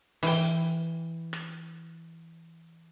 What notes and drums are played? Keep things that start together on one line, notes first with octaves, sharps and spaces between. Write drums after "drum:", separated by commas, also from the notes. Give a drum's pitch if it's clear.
E3 G5, drum: open hi-hat
drum: rim click